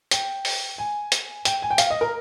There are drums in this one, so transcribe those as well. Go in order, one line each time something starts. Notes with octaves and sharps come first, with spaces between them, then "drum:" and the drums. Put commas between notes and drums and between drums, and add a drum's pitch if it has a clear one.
G5, drum: hi-hat
drum: open hi-hat
G#5
drum: hi-hat
G5, drum: hi-hat
G#5
G5
F5, drum: hi-hat
D#5
A#4